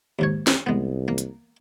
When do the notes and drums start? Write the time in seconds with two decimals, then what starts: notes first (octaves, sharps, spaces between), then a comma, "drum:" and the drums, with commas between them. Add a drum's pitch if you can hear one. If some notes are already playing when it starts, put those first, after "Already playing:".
0.19 D#2 G#2 C#5
0.47 drum: snare
0.66 C2 G#3 B3
1.08 A#3
1.18 drum: hi-hat